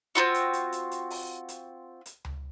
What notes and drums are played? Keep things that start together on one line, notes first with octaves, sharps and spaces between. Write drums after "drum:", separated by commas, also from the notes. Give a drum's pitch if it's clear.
C4 D#4 F4 F#4
drum: hi-hat
drum: hi-hat
drum: hi-hat
drum: hi-hat
drum: open hi-hat
drum: hi-hat
drum: hi-hat
drum: tom C#2